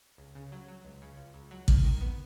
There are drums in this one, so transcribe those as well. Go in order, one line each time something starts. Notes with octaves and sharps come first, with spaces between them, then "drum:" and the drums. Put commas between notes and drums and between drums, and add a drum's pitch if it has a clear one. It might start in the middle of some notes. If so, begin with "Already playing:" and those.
C#2
C#3
F#3
F#3
C#2
C#3
C#2
C#2
F#3
D#3, drum: kick A1
D#3
B3